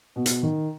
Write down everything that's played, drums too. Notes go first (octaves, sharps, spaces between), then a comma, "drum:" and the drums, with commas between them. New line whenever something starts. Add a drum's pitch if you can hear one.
B2
drum: hi-hat
D#3